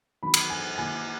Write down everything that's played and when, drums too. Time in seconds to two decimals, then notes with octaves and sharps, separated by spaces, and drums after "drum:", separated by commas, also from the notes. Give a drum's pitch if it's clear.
0.23 D#3 F#3 B3 D#4 B5
0.34 drum: cymbal
0.50 G#5
0.78 D#3 A#3 E4 G#5